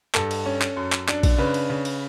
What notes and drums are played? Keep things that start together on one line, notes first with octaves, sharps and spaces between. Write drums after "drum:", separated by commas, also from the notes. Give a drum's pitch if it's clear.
G2 A4, drum: clap
drum: cymbal
C#4
drum: clap
F#2
drum: clap
D4, drum: clap
drum: kick A#1, cymbal
C#3 B4
drum: cymbal
C#3
drum: cymbal